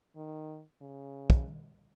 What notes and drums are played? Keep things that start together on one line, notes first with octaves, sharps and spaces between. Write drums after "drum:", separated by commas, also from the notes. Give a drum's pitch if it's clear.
D#3
C#3
drum: kick